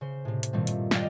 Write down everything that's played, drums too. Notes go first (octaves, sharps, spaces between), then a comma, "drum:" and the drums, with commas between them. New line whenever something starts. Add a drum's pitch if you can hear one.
C#3 C5
A2 C3
drum: hi-hat
G2 A#2 D#3 G3 A3 C4
drum: hi-hat
A4 D5 D#5 F5 G5, drum: snare